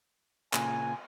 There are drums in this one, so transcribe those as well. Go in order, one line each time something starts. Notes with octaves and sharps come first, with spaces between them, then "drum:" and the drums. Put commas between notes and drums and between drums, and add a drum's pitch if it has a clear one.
A#2 C#3 G#5, drum: clap